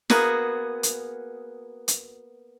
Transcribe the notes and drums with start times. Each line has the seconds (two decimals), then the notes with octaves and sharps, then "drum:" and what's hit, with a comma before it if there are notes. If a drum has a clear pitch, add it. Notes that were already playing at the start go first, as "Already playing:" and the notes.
0.10 A#3 B3 F#4 G#4, drum: snare
0.83 drum: hi-hat
1.88 drum: hi-hat